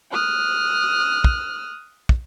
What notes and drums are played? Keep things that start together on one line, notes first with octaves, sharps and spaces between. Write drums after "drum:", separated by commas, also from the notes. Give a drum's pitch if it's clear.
D#6 F6 F#6
drum: kick
drum: kick